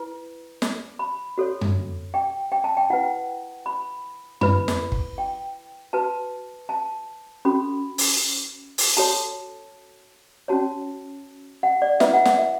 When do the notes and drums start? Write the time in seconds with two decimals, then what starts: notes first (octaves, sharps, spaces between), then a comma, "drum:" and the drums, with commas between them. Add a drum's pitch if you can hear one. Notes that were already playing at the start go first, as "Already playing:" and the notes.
Already playing: E4 B4
0.62 drum: snare
0.99 B5
1.38 F#4 A4 C#5
1.61 drum: tom F#2
2.14 G5
2.52 G5
2.64 A5
2.77 G5
2.90 E4 B4 F#5
3.66 B5
4.41 E4 B4 B5, drum: tom F#2
4.68 drum: snare
4.92 drum: kick
5.18 G5
5.93 F#4 B4 A5
6.69 A5
7.45 C#4 F#4 A4 B5
7.98 drum: open hi-hat
8.78 drum: open hi-hat
8.97 F#4 A4 C#5 A5
10.48 C#4 F#4 C#5 A5
11.63 F#5
11.82 D5
12.00 E4 B4 E5, drum: snare
12.14 F#5
12.25 F#5, drum: snare
12.39 E5